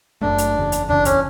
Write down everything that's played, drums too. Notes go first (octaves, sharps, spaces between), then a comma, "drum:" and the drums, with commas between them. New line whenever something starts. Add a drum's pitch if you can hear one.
F#1 F#2 E3 A3 D4
drum: hi-hat
F#1 E2 C#3
drum: hi-hat
F#1 E2 C#3 D4, drum: kick
C#4, drum: kick, hi-hat